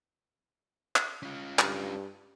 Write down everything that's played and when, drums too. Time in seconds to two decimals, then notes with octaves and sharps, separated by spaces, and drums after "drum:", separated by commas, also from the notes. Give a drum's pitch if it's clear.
0.96 drum: clap
1.23 C#4 F4
1.59 G2, drum: clap